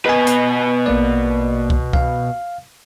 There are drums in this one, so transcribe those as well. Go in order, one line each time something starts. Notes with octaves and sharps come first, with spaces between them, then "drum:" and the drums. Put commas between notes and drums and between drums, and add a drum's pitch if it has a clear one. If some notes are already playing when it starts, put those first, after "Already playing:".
B2 B4 D#5 G#5
drum: hi-hat
A#1 A#3 D5
drum: kick C2
F5, drum: kick C2